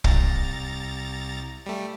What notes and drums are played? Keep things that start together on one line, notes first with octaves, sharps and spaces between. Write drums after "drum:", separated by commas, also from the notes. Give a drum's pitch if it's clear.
C2 A#5 A6, drum: kick
G3 A3